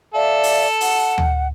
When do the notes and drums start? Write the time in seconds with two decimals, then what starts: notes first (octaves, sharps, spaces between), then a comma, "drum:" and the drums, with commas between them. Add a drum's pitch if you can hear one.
0.14 A4 D5 E5 F5
0.43 drum: open hi-hat
0.81 F#5, drum: open hi-hat
1.18 drum: tom D2